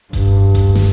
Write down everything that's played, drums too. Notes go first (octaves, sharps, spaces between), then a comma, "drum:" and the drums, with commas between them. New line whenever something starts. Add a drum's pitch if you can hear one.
G2, drum: kick F1, hi-hat
drum: kick F1, hi-hat
drum: snare